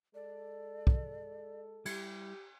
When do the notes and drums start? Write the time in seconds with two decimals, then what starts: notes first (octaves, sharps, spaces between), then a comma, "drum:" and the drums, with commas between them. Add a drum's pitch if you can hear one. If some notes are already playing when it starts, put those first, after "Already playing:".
0.15 G#3 A4 D5
0.87 drum: kick
1.85 G3 E4 G4, drum: cymbal